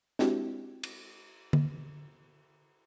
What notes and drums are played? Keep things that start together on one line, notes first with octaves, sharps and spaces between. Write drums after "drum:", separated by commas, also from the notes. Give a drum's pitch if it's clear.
G#3 C4 D4 E4 F#4 G4, drum: snare
drum: cymbal
drum: tom D3